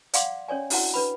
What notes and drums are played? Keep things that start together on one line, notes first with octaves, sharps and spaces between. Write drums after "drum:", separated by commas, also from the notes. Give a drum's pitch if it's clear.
D5 F5 F#5 C6 D6, drum: hi-hat
C#4 C#5 D5 G#5
D4 E4 F#4 D#5 F#5 A5, drum: open hi-hat
D4 B4 B5